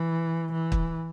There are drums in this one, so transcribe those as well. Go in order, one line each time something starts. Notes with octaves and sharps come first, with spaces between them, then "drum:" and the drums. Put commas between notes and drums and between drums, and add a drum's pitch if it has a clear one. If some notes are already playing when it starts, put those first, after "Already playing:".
Already playing: E3
E3
drum: kick